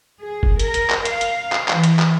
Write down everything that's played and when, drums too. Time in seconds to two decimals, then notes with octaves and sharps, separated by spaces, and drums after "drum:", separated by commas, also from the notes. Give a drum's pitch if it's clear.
0.20 G#4
0.43 drum: kick F#1
0.59 A#4, drum: hi-hat
0.74 drum: hi-hat
0.90 drum: clap
1.05 F5, drum: hi-hat
1.21 drum: hi-hat
1.52 drum: clap
1.68 E3, drum: clap
1.84 drum: hi-hat
1.99 drum: clap